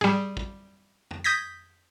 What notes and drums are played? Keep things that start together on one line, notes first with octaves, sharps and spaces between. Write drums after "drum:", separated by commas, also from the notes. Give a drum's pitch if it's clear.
G3 G#4, drum: tom G#2
drum: kick
drum: tom
D#6 G6 G#6 A#6 B6